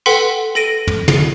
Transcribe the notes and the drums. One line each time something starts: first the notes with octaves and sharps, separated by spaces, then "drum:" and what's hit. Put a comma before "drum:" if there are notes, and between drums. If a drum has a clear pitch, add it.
A4 B4 F#5 G5 C6 B6, drum: tambourine
A4 A#6 D7 D#7
drum: tom
drum: tom